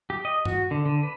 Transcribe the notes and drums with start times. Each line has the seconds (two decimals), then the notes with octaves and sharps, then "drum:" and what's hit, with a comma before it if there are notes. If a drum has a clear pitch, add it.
0.10 G4
0.25 D#5
0.45 F#4, drum: tom G2
0.71 D3
0.86 D3
1.03 B4